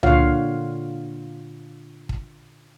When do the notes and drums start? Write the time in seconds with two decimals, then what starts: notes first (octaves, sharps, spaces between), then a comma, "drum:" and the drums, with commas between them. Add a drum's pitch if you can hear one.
0.03 A#2 D3 F4 C#5 F5 F#5, drum: tom C#2
2.09 drum: kick